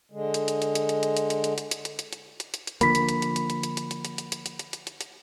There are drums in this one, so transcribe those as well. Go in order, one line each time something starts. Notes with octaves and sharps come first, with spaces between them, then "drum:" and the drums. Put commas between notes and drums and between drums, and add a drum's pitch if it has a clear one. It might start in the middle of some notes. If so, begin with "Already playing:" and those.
D3 G#3
drum: hi-hat
drum: hi-hat
drum: hi-hat
drum: hi-hat
drum: hi-hat
drum: hi-hat
drum: hi-hat
drum: hi-hat
drum: hi-hat
drum: hi-hat
drum: hi-hat
drum: hi-hat
drum: hi-hat
drum: hi-hat
drum: hi-hat
drum: hi-hat
drum: hi-hat
D3 F3 A#3 B5 B6, drum: hi-hat
drum: hi-hat
drum: hi-hat
drum: hi-hat
drum: hi-hat
drum: hi-hat
drum: hi-hat
drum: hi-hat
drum: hi-hat
drum: hi-hat
drum: hi-hat
drum: hi-hat
drum: hi-hat
drum: hi-hat
drum: hi-hat
drum: hi-hat
drum: hi-hat